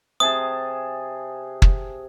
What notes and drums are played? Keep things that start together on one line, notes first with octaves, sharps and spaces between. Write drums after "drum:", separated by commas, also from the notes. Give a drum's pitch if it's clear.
C3 G#4 A5 D#6
drum: kick